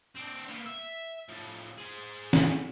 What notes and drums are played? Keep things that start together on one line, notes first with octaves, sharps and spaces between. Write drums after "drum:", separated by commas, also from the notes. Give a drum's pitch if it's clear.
C4 D4
A#3 B3
E5
A2 F3
G#4 C5
drum: snare